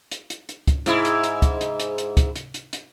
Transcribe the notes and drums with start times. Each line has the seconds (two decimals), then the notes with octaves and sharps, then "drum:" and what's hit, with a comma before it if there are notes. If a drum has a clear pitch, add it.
0.11 drum: hi-hat
0.30 drum: hi-hat
0.49 drum: hi-hat
0.67 drum: kick, hi-hat
0.86 G#2 E4, drum: hi-hat
1.05 drum: hi-hat
1.24 drum: hi-hat
1.42 drum: kick, hi-hat
1.61 drum: hi-hat
1.80 drum: hi-hat
1.98 drum: hi-hat
2.17 drum: kick, hi-hat
2.36 drum: hi-hat
2.54 drum: hi-hat
2.73 drum: hi-hat